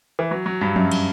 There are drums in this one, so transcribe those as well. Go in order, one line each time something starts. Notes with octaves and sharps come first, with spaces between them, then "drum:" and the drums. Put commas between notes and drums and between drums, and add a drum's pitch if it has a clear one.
E3
F#3
F#3
G2
F#2, drum: tom F3
drum: cymbal